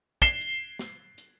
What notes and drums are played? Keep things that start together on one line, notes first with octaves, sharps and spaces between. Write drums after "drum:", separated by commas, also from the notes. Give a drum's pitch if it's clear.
C7 E7 G7, drum: kick
drum: hi-hat
drum: snare
drum: hi-hat